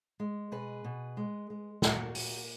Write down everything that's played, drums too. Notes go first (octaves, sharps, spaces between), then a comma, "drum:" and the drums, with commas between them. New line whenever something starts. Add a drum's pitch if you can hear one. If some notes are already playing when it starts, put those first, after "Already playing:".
G#3
B2 G#4 B4
B2
G#3
G#3
A#2 F#4 A#4, drum: snare
A#2, drum: open hi-hat